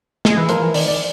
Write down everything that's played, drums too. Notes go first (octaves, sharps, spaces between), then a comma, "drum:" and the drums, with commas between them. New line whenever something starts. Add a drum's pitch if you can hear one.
G#3 G#4, drum: snare
E3
F3 A#4, drum: hi-hat
E3
D#3 D5, drum: open hi-hat
D5